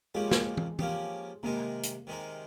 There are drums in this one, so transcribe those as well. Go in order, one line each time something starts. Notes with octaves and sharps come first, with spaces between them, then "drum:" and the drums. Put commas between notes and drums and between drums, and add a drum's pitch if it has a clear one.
F3 G#3 A#3 C#4 G4
drum: snare
drum: tom
F3 A#3 C#4 G4, drum: tom
C3 D#3 G#3 A#3 D#4 A#4
drum: hi-hat
C3 D#3 G#3 D#4 A#4